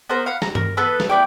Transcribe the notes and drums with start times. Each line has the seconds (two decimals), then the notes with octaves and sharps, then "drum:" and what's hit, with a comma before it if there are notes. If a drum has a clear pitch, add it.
0.09 B3 A#4 C5 A#5
0.26 F5 F#5 B5
0.42 A#5, drum: snare
0.55 A#4, drum: tom G2
0.77 B3 A4 B4 E6
1.00 drum: snare
1.09 B3 E4 D5 G5